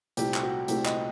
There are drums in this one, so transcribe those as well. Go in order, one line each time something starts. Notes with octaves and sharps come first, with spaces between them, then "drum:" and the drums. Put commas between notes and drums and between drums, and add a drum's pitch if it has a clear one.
C2 A#2 A3 C4 G4, drum: hi-hat
drum: clap
F#4
C2 A#2 A3 C4 G4, drum: hi-hat
D#5, drum: clap